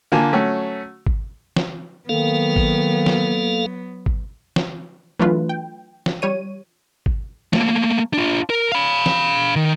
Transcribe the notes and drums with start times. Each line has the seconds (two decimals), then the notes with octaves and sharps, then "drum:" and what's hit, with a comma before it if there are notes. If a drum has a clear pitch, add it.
0.12 D3 A#3 F4 G#5 A5
0.32 F#3 A3 C#4 F#4
1.07 drum: kick G#1
1.56 drum: snare
2.09 D#3 F#3 A#3 B3 A4 F5
2.56 drum: kick G#1
3.06 drum: snare
4.06 drum: kick G#1
4.56 drum: snare
5.19 E3 F#3 A3 D4 F4 B4
5.49 G5
6.06 drum: snare
6.22 G3 C#5 D#7
7.06 drum: kick G#1
7.53 A3 A#3, drum: snare
8.14 D4 F4
8.50 A#4
8.72 F5 B5
9.06 drum: snare
9.56 D#3